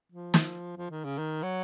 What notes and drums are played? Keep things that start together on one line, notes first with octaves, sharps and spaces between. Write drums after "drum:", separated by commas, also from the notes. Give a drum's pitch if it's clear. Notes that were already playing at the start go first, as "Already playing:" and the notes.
F3
drum: snare
F3
D#3
C#3
D#3
F#3